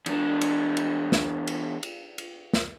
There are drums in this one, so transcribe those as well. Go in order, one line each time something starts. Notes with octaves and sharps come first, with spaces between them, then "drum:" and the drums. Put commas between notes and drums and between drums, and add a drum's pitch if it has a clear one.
E2 D4, drum: cymbal
drum: cymbal
drum: cymbal
drum: snare
drum: cymbal
drum: cymbal
drum: cymbal
drum: snare